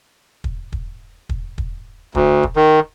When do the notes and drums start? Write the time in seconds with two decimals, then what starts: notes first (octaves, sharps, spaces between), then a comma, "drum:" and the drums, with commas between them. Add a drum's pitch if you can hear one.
0.44 drum: kick
0.72 drum: kick
1.29 drum: kick
1.58 drum: kick
2.15 D2, drum: kick
2.43 drum: kick
2.56 D#3